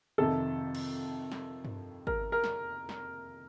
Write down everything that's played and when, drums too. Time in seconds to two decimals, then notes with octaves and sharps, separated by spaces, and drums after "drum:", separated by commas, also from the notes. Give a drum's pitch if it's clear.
0.18 F2 C3 D#3 A4
0.75 drum: cymbal
1.32 drum: snare
1.65 drum: tom G2
2.07 A#4, drum: kick G#1
2.32 A#4
2.44 drum: snare
2.89 drum: snare